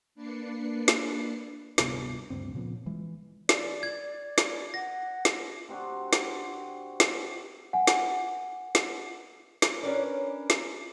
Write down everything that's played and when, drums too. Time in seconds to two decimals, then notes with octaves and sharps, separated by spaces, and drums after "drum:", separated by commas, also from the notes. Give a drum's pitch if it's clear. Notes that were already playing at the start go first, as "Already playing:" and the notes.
0.15 A#3 D4 B4 D5 C7 C#7
0.88 drum: snare
1.78 D1 G2 C3 B3, drum: snare
2.30 D2 G2 C#3 C4
2.54 A#2 C#3 F3 B3
2.86 E3 G#3
3.49 D5, drum: snare
3.83 G#6
4.38 drum: snare
4.74 F#5 A#6
5.25 drum: snare
5.69 C3 C4 D4 F#4
6.13 drum: snare
7.00 drum: snare
7.73 F#5 G#5
7.87 drum: snare
8.75 drum: snare
9.62 drum: snare
9.83 C#4 D4 A#4 B4 D5
10.50 drum: snare